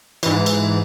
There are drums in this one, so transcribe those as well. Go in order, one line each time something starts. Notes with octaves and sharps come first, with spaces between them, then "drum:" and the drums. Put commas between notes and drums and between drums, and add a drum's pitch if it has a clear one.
G#2 E3, drum: cymbal
drum: cymbal